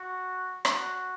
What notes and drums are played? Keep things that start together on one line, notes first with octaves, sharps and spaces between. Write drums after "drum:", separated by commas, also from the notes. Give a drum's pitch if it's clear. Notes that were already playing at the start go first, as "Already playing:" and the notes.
Already playing: F#4
F#4, drum: rim click